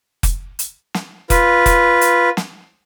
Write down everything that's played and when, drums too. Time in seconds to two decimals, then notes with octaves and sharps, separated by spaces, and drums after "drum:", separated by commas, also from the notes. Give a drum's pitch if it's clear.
0.23 drum: kick F1, hi-hat
0.59 drum: hi-hat
0.94 drum: snare
1.30 F4 B4, drum: kick F1, hi-hat
1.66 drum: kick F1, hi-hat
2.01 drum: hi-hat
2.37 drum: snare